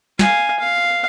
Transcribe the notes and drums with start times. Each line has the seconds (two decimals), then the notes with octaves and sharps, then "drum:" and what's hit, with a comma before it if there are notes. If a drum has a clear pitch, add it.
0.19 F5 G#5, drum: snare
0.59 F5